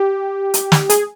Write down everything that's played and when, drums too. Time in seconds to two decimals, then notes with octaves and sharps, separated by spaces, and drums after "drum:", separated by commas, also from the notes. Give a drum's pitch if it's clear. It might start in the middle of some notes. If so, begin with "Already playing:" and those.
Already playing: G4
0.54 drum: hi-hat
0.72 drum: snare
0.90 G#4, drum: hi-hat